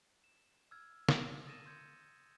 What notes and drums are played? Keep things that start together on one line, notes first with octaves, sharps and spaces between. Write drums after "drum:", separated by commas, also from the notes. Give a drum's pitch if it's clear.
E7
E6 F6 G#6
drum: snare
D#6 A6 A#6 D#7 E7
C6 G6 G#6 C#7